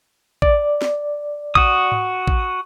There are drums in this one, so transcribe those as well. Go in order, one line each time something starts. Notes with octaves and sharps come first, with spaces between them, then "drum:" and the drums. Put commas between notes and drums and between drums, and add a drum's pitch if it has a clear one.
D5, drum: kick
drum: snare
F#4 D#6, drum: kick
drum: tom G#2
drum: kick